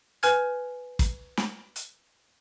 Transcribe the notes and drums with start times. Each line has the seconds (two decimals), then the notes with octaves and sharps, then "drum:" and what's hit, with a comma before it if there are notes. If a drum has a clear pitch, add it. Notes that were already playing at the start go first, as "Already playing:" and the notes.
0.23 B4 G#5 F6 G#6, drum: hi-hat
0.99 drum: kick, hi-hat
1.37 drum: snare
1.76 drum: hi-hat